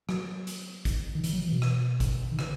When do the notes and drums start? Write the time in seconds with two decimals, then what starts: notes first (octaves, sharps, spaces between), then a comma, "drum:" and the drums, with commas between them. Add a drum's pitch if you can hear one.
0.09 F#3, drum: rim click
0.47 drum: hi-hat
0.85 drum: kick A1, hi-hat
1.15 D#3
1.24 E3, drum: hi-hat
1.33 F#3
1.43 E3
1.52 B2
1.62 drum: rim click
2.00 drum: kick A1, hi-hat
2.31 D#3
2.39 C#3, drum: rim click